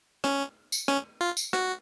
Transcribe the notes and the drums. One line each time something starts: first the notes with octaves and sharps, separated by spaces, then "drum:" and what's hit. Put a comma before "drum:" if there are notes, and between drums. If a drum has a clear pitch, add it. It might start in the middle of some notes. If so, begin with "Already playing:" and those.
C#4, drum: rim click
drum: tambourine
C#4, drum: rim click
F4
drum: tambourine
F#4, drum: rim click